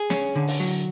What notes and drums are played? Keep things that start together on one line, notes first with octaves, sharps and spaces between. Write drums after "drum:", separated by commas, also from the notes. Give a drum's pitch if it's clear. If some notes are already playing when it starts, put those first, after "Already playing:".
Already playing: G#4
C#4, drum: snare
D3
drum: open hi-hat
F#3